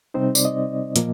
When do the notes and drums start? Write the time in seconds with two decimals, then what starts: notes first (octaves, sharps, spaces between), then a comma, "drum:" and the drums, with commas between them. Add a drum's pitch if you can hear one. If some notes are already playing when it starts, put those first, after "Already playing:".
0.14 C3 G3 C4 D#4 C5
0.35 D5, drum: tambourine
0.45 D#5
0.96 A#2 F3 A#3, drum: hi-hat